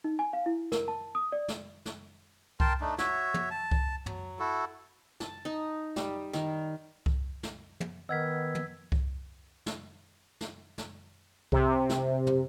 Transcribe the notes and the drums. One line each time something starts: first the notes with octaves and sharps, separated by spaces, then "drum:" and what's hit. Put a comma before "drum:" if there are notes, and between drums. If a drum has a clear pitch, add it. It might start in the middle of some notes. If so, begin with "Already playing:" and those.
D#4
G#5
F5
E4
A#4, drum: snare
A5
D#6
D5
drum: snare
drum: snare
A#4 G5 A5 C6, drum: kick C2
A3 D4 D#4
F#4 C#5 E5, drum: snare
drum: tom
A5
drum: kick C2
F#3, drum: tom
E4 F#4 A4
A5, drum: snare
D#4
G3, drum: snare
D#3, drum: snare
drum: kick C2
drum: snare
drum: tom
D#3 B3 D#5 F#5 E6 F6 G#6 B6
drum: tom
drum: kick C2
drum: snare
drum: snare
drum: snare
C3, drum: kick C2
drum: snare
drum: tom